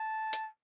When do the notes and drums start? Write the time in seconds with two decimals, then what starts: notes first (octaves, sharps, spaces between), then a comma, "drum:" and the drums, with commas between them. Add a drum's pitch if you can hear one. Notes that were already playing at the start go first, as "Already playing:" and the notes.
Already playing: A5
0.33 drum: hi-hat